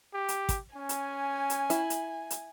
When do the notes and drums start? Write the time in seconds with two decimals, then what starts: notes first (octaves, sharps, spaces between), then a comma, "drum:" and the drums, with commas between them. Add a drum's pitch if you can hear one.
0.14 G4
0.28 drum: hi-hat
0.49 drum: kick, hi-hat
0.76 C#4 G#5
0.89 drum: hi-hat
1.50 drum: hi-hat
1.70 E4, drum: hi-hat
1.90 drum: hi-hat
2.30 drum: hi-hat